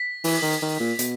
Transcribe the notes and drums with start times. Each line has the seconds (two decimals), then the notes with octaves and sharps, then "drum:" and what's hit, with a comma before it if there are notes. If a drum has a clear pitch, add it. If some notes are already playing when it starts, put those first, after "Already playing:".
Already playing: B6
0.24 E3, drum: open hi-hat
0.42 D#3
0.62 D#3
0.80 A#2
0.99 B2, drum: hi-hat